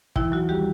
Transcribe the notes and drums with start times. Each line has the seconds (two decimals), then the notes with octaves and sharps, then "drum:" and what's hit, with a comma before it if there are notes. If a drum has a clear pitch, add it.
0.16 D#2 E3 E4, drum: kick
0.32 F#3 F#4
0.49 D#3 G3 G4